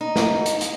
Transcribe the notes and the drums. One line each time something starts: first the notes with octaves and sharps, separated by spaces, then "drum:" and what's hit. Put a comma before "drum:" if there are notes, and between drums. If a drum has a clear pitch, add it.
D#4
drum: snare
drum: hi-hat
drum: hi-hat